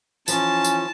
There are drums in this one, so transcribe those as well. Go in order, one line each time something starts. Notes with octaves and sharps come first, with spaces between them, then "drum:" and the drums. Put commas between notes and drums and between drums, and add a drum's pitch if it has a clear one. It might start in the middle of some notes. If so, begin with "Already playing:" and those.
E3 F3 C#4 A5, drum: tambourine
drum: tambourine